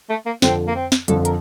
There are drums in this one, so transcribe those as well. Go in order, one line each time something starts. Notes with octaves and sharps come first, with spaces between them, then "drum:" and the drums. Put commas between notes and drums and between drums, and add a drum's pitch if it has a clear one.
A3
A#3
F2 D3 F3 C4, drum: snare
A#3
C4
drum: snare
F2 D3 F3 A4, drum: hi-hat
A#4, drum: hi-hat